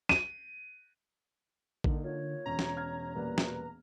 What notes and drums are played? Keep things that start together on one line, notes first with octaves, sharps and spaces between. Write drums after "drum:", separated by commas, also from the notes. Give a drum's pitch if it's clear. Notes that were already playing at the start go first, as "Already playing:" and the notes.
D#7, drum: snare
D3 A#3 D#4, drum: kick A1
F4 C#5
E1 C#4 A#5
drum: snare
F6 G#6
A#2 G3 A#3 B4
drum: snare